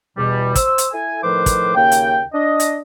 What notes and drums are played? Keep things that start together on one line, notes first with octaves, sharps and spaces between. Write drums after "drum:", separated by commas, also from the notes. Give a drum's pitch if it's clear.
E2 B2 G3
C5 E6, drum: kick, hi-hat
drum: hi-hat
E4 A4 G#5
A2 D#3 F3 B4 C5 D6
drum: kick, hi-hat
D#2 C#3 A#3 G5
drum: hi-hat
D4 D#5
drum: hi-hat